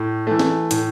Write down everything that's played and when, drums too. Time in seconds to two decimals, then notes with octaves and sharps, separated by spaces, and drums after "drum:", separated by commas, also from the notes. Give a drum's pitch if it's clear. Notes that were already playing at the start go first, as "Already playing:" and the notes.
Already playing: A2
0.27 E3 A3
0.39 drum: snare
0.71 A2, drum: hi-hat